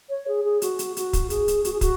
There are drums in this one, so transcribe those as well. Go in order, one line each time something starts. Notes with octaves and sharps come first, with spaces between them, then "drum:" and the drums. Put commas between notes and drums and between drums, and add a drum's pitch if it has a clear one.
C#5
G#4
G#4
F#4, drum: hi-hat
drum: hi-hat
F#4, drum: hi-hat
drum: kick, hi-hat
G#4, drum: hi-hat
drum: hi-hat
F#4, drum: hi-hat
G#4
F#4, drum: kick, hi-hat